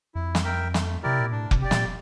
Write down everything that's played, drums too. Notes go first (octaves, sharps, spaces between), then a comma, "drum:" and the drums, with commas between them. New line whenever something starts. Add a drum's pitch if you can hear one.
F2 E4
drum: snare
A#4 E5 G5
A3, drum: snare
C3 E4 G4 A#4 D5
A#2
A2 D4
C3, drum: kick F1
G4 D5
A#2, drum: snare